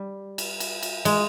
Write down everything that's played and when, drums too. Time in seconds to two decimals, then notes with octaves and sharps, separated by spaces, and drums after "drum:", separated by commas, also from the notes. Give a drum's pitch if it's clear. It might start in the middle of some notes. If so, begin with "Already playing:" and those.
Already playing: G3
0.38 drum: cymbal
0.60 drum: cymbal
0.83 drum: cymbal
1.05 G#3, drum: cymbal